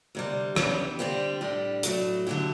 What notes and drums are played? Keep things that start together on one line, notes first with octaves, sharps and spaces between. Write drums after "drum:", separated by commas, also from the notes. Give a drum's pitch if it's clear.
D2 C3 G3
E3 B3 D4 G4, drum: rim click
D3 G3 C4 G4
A2 G3 D4
A2 F#3 A3, drum: hi-hat
D3 F#3 A3 E4 G4